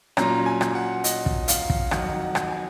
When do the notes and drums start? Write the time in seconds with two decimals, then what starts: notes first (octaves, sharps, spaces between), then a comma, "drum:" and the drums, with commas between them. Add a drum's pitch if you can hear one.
0.17 A#2 F#3 C#4 A#5, drum: rim click
0.46 G#5
0.61 drum: rim click
0.75 F#5
1.04 D#5, drum: hi-hat
1.26 drum: kick
1.48 F5, drum: hi-hat
1.70 drum: kick
1.91 F2 D#3 F#3 F#5, drum: rim click
2.20 F#5
2.35 drum: rim click
2.49 G#5